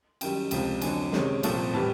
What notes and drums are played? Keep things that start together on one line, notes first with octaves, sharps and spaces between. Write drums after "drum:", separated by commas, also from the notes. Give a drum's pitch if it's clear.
F#2 D#3 G3 G5, drum: cymbal
C#2 C3 F3 G5, drum: cymbal
F2 D3 F#3 A3 G#5, drum: cymbal
C3 D#3 G#3 C#4, drum: snare
C2 A#2 F3 A3 C4, drum: cymbal
A2 E3 G3 A5